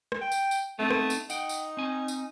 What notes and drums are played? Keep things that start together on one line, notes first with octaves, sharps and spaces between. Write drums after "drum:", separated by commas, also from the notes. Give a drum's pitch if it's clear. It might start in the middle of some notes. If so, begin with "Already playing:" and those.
drum: rim click
G5
drum: tambourine
drum: tambourine
A3 B3 C4 D#4
drum: rim click
drum: tambourine
D#4 F#5 G5, drum: tambourine
drum: tambourine
C4 G#5
drum: tambourine